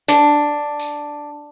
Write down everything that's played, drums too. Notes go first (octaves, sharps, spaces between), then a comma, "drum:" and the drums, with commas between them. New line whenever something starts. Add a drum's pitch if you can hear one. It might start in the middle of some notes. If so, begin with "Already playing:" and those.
D4, drum: hi-hat
drum: tambourine